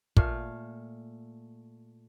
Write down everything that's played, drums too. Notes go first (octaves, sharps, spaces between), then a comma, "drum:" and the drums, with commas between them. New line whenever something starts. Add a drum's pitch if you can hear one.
A#2 A3 F5, drum: kick